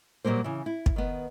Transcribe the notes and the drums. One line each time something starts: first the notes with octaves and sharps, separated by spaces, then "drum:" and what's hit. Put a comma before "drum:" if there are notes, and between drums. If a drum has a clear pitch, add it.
A#2 F#3 G3 A#3 C5
C#3 E3
E4
drum: kick
D#3 B3